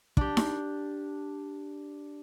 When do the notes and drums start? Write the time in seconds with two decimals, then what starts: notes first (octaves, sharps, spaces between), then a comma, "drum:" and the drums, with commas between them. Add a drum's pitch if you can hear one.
0.17 D4 G4, drum: kick
0.37 drum: snare D#4